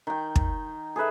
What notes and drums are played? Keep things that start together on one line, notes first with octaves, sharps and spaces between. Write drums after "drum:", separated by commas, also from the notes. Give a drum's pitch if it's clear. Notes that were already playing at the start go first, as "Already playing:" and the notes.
D#3 G5
drum: kick
G#4 A4 B4 E5